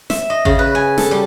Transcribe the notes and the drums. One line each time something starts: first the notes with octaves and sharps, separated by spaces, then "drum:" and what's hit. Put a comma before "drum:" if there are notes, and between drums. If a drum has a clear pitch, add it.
E5, drum: snare
D#5
C#3, drum: kick A1
B4
G#5
A4, drum: snare
G3